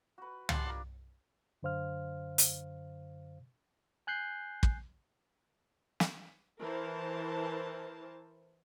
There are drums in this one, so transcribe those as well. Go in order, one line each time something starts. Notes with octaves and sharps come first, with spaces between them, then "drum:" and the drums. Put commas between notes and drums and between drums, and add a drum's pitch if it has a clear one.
F#4 B4
G#3 G4 F#5 A5 C6, drum: tom
D4 F4 A#4
F#2 D3 C5 F5 F6
drum: hi-hat
G#5 F#6 G6 C7
drum: kick
drum: snare
E3 A#4 C5 A5